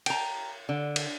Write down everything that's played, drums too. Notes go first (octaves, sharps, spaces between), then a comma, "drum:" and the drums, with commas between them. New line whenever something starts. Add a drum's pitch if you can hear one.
G5 A#5, drum: cymbal
D3
drum: cymbal